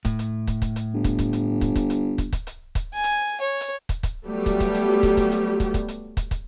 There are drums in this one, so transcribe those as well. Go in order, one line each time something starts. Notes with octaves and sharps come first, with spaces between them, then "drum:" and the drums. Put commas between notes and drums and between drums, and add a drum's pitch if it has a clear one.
A2, drum: kick, hi-hat
drum: hi-hat
drum: kick, hi-hat
drum: kick, hi-hat
drum: hi-hat
G1
drum: kick, hi-hat
drum: kick, hi-hat
drum: hi-hat
drum: kick, hi-hat
drum: kick, hi-hat
drum: hi-hat
drum: kick, hi-hat
drum: kick, hi-hat
drum: hi-hat
drum: kick, hi-hat
G#5
drum: hi-hat
C#5
drum: hi-hat
drum: kick, hi-hat
drum: kick, hi-hat
F#3 G3 A3 B3 G4
drum: kick, hi-hat
drum: kick, hi-hat
drum: hi-hat
drum: kick, hi-hat
drum: kick, hi-hat
drum: hi-hat
drum: kick, hi-hat
drum: kick, hi-hat
drum: hi-hat
drum: kick, hi-hat
drum: kick, hi-hat